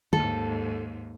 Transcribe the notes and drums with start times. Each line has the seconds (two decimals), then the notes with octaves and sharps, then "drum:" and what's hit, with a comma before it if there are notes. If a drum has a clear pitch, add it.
0.13 D#2 G#2 A4, drum: tom D3